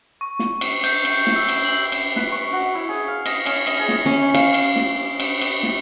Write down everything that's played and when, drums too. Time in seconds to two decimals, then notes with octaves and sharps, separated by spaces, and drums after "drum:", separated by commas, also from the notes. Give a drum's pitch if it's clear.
0.21 C#6
0.39 drum: snare
0.61 drum: cymbal
0.84 G6, drum: cymbal
1.05 drum: cymbal
1.27 drum: snare
1.36 E6
1.49 drum: cymbal
1.65 F#7
1.92 drum: cymbal
2.16 B4, drum: snare
2.32 C#6
2.53 F#4
2.75 E4
2.89 G#4
3.08 F5
3.26 D#5, drum: cymbal
3.46 C#4, drum: cymbal
3.67 D#5, drum: cymbal
3.79 G#4
3.89 drum: snare
4.06 C#4
4.34 F5, drum: cymbal
4.54 drum: cymbal
4.76 drum: snare
5.20 drum: cymbal
5.41 drum: cymbal
5.63 drum: snare